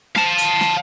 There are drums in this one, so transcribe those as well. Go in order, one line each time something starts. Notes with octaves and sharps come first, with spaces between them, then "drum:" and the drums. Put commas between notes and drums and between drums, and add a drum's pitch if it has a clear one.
F5 A5, drum: snare
drum: hi-hat
drum: snare